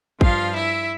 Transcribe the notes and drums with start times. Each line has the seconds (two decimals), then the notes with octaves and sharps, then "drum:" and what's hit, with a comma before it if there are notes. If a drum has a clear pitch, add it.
0.21 G2 F3 F4 F5, drum: kick
0.54 E4 E5